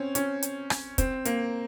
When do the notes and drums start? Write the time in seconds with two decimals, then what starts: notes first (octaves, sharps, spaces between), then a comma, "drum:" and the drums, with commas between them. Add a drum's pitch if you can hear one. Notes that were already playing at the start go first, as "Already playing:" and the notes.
Already playing: C4 C#4
0.15 C#4, drum: hi-hat
0.43 drum: hi-hat
0.70 drum: rim click
0.98 C4, drum: kick, hi-hat
1.25 A#3, drum: hi-hat